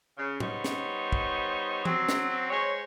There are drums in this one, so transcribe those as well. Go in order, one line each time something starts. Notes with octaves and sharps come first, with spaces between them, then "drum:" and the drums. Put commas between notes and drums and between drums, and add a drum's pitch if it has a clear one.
C#3
G3 B3 D#4 C5 C#5, drum: tom
drum: snare
drum: kick
F#3 C4, drum: tom
drum: snare
G#3 C5 C#5